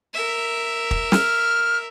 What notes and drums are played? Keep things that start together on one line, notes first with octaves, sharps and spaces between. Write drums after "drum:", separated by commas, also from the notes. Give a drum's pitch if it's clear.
A#4 E5
drum: kick
F6, drum: snare